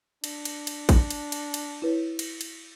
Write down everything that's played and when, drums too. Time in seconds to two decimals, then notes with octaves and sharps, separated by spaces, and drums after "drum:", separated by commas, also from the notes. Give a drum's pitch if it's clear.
0.24 D4, drum: cymbal
0.45 drum: cymbal
0.67 drum: cymbal
0.89 drum: kick, cymbal
1.10 drum: cymbal
1.32 drum: cymbal
1.54 drum: cymbal
1.82 E4 B4 C#5
2.19 drum: cymbal
2.41 drum: cymbal